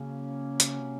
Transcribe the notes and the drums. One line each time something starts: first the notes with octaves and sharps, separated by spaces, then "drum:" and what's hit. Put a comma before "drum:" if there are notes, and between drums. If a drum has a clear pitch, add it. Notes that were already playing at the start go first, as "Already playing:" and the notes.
Already playing: C#3 F#3 A#3 C#4
drum: hi-hat
C3